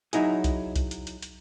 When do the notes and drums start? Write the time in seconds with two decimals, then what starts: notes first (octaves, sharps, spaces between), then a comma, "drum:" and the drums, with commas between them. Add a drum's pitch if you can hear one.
0.13 F#3 D#4 E4 G#4, drum: hi-hat
0.44 drum: kick B1, hi-hat
0.76 drum: kick B1, hi-hat
0.91 drum: hi-hat
1.07 drum: hi-hat
1.23 drum: hi-hat